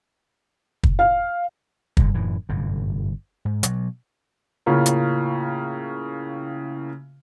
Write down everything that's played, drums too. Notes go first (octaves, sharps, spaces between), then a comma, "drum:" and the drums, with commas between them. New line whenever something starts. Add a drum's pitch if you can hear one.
drum: kick
F5
G2 A#2 D3, drum: kick
F#2 A2 E3
G1 F#2 A2 C3
G#2
B2 F#3, drum: hi-hat
A2 C#3 A#3 C#4 F4
drum: hi-hat